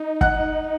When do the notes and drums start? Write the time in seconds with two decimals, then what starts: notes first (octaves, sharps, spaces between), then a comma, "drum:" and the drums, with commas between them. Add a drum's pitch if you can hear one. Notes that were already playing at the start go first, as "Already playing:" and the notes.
Already playing: D#4
0.21 F#5 F#6, drum: kick G1